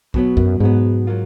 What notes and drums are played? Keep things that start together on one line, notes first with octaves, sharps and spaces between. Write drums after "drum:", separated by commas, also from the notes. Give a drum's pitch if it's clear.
B2 F#3 B3, drum: kick
F#2, drum: kick
G#2 B2 F#3 B3
F#3 A#3 F4